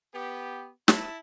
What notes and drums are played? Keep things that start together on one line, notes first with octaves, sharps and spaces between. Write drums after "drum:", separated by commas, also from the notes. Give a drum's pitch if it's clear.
B3 G4
E4 A5, drum: snare